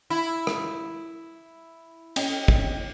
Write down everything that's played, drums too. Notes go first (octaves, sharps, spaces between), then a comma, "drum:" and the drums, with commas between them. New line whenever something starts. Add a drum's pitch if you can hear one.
E4
drum: rim click
C#4 D#5 G5, drum: cymbal
drum: kick